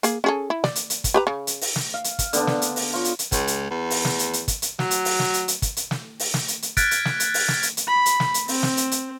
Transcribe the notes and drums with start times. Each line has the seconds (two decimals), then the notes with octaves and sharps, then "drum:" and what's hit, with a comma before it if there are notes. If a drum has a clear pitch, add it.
0.03 A#3 G#4, drum: hi-hat
0.24 C#4 G#4 A4
0.50 E4
0.64 D5, drum: snare
0.75 drum: hi-hat
0.90 drum: hi-hat
1.04 drum: kick, hi-hat
1.14 G4 B4 A#5
1.27 C#3
1.47 drum: hi-hat
1.61 drum: open hi-hat
1.76 drum: snare
1.94 F5
2.04 drum: hi-hat
2.19 drum: kick, hi-hat
2.33 D3 B3 D4, drum: hi-hat
2.47 drum: snare
2.62 drum: hi-hat
2.76 drum: open hi-hat
2.93 F4 C#5
3.05 drum: hi-hat
3.19 drum: hi-hat
3.32 C#2, drum: kick, hi-hat
3.47 drum: hi-hat
3.70 E2
3.90 drum: open hi-hat
4.05 drum: snare
4.19 drum: hi-hat
4.33 drum: hi-hat
4.48 drum: kick, hi-hat
4.62 drum: hi-hat
4.79 F#3, drum: snare
4.91 drum: hi-hat
5.05 drum: open hi-hat
5.19 drum: snare
5.34 drum: hi-hat
5.48 drum: hi-hat
5.62 drum: kick, hi-hat
5.77 drum: hi-hat
5.91 drum: snare
6.19 drum: open hi-hat
6.34 drum: snare
6.48 drum: hi-hat
6.62 drum: hi-hat
6.77 F6 F#6 G#6 A6 B6 D7, drum: kick, hi-hat
6.91 drum: hi-hat
7.05 drum: snare
7.20 drum: hi-hat
7.34 drum: open hi-hat
7.48 drum: snare
7.63 drum: hi-hat
7.77 drum: hi-hat
7.88 B5
8.06 drum: hi-hat
8.20 drum: snare
8.34 drum: hi-hat
8.48 C4, drum: open hi-hat
8.63 drum: snare
8.77 drum: hi-hat
8.91 drum: hi-hat